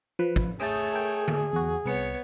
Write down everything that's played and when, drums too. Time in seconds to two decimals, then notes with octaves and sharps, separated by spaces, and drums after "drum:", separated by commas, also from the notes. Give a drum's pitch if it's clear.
0.19 F3 B4
0.36 drum: kick
0.60 A3 G#4 C#5 D#6 G6 A6
0.93 A4 A#4 G5
1.28 drum: tom D3
1.53 E2 F#4
1.86 C2 B3 C#5 C#7